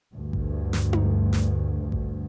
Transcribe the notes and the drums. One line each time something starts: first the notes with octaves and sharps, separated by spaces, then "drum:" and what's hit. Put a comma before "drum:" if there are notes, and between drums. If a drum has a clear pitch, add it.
D2 G2
drum: kick A1
drum: snare
drum: tom D#4
drum: snare
drum: kick A1